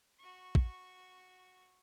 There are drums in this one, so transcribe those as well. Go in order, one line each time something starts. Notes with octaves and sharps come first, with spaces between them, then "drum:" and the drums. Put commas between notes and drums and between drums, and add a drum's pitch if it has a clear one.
F#4 C#6
drum: kick